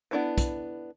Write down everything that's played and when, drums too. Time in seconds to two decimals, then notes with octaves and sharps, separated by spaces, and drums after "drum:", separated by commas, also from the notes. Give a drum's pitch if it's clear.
0.11 B3 D4 E4 A4 B4
0.38 drum: kick, hi-hat